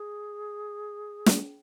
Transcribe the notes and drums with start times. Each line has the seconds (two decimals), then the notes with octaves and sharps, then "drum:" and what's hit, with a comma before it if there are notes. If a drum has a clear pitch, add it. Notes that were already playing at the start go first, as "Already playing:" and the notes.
Already playing: G#4
1.26 drum: snare